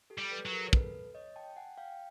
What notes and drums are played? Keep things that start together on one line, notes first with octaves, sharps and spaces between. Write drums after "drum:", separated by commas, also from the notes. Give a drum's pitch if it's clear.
G4 A4
G3
A4 B4
F#3
G#4 A#4
A4 B4, drum: kick
C#5 D#5
G5 A5
F#5 G#5
F5 G5